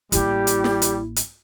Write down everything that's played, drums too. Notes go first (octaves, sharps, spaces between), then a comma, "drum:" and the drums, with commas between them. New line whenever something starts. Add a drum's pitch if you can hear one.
A1 G3 A#3 E4 G4, drum: hi-hat
drum: hi-hat
drum: snare
drum: hi-hat
drum: hi-hat